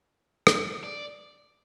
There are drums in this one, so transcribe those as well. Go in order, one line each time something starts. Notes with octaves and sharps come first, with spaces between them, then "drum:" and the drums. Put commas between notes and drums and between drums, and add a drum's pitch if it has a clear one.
drum: rim click
D5